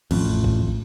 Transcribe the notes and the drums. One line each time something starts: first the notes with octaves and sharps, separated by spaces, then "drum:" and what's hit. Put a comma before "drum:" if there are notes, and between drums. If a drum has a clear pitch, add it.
A1 F2, drum: cymbal
drum: kick